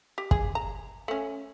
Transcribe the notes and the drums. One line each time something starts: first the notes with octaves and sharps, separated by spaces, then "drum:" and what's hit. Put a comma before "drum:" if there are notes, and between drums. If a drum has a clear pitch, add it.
G4
G#4, drum: kick
A#5
A3 C#4